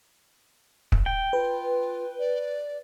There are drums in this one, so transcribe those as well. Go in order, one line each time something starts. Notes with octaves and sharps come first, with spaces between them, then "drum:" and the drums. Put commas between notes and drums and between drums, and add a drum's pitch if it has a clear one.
drum: kick
G5
F4 B4
D5